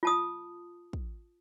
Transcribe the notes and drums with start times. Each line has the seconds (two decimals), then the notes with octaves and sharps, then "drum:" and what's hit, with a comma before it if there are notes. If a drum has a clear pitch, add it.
0.03 F4 A5 D#6
0.93 drum: kick